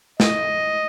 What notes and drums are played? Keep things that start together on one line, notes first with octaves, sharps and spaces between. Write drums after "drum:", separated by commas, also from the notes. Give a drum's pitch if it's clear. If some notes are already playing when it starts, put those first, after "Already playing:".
D#5, drum: snare